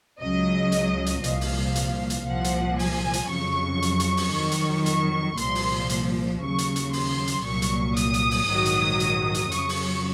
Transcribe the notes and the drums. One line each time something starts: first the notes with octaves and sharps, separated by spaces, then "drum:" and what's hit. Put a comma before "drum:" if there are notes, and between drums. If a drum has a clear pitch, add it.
C#2 C#3 F#3 D#5
drum: hi-hat
drum: hi-hat
C2 A#2 F3 F5, drum: hi-hat
drum: open hi-hat
drum: hi-hat
drum: hi-hat
C2 A#2 F3 F#5
drum: hi-hat
G#5, drum: open hi-hat
drum: hi-hat
F2 C#3 F#3 C#6
drum: hi-hat
drum: hi-hat
drum: open hi-hat
F2 D#3 F#3
drum: hi-hat
C#6, drum: hi-hat
C2 A#2 F3 C6, drum: hi-hat
drum: open hi-hat
drum: hi-hat
D#2 C#3 F#3 C#6
drum: hi-hat
drum: hi-hat
C6, drum: open hi-hat
drum: hi-hat
C2 A#2 F#3 C#6
drum: hi-hat
D#6, drum: hi-hat
drum: hi-hat
drum: open hi-hat
A#1 G#2 D#3 F#3
drum: hi-hat
drum: hi-hat
drum: hi-hat
F2 C#3 F#3 C#6, drum: hi-hat
drum: open hi-hat